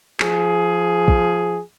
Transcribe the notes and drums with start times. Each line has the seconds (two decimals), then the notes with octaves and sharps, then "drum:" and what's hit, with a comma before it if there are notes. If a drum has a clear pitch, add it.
0.20 F3 G#4, drum: clap
1.08 drum: kick